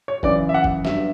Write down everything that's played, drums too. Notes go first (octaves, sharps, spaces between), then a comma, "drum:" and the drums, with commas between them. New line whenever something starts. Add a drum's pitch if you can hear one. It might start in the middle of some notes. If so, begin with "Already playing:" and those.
C#5
F#2 C#3 E3 D5, drum: kick
E5
F#5
drum: kick
G1 G2 D3 F#3 E5, drum: snare